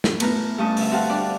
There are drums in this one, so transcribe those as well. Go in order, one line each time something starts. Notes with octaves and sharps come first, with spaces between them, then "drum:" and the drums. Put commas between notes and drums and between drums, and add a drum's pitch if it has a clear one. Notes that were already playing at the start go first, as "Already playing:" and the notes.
G6, drum: snare
A3 B3 B4 A#5 F6, drum: cymbal
G2 A3 C#4 D#5 A5
D2 E5, drum: open hi-hat
C4 F#4 G4 F5 F#5 A5
G3 D4 D5